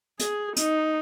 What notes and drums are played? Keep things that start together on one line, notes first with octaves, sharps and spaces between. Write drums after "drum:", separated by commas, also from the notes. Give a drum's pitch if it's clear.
G#4, drum: hi-hat
D#4, drum: hi-hat